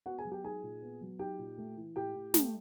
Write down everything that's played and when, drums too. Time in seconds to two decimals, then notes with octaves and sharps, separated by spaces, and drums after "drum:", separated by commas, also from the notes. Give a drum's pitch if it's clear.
0.06 B3 F#4 F#5
0.18 G#4 G#5
0.25 F#3
0.31 G4 G5
0.44 D#4 G#4 G#5
0.63 A#2
0.82 B3
1.01 F#3
1.19 D#4 G4 G5
1.39 A#2
1.58 A3
1.77 E3
1.96 A2 G4 G5
2.15 A2
2.34 A3, drum: snare